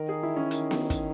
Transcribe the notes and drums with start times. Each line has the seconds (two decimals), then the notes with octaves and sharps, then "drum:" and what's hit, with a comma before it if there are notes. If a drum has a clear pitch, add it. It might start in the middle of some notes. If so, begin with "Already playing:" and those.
Already playing: D#3 A#4
0.09 G#4
0.23 E4
0.36 C#4
0.51 D#3, drum: hi-hat
0.71 drum: snare B3
0.90 drum: kick, hi-hat